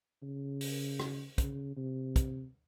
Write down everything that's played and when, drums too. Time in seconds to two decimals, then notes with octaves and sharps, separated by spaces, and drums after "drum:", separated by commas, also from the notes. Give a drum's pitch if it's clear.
0.22 C#3
0.61 drum: open hi-hat
1.00 drum: rim click
1.38 C#3, drum: kick, hi-hat
1.77 C3
2.16 drum: kick, hi-hat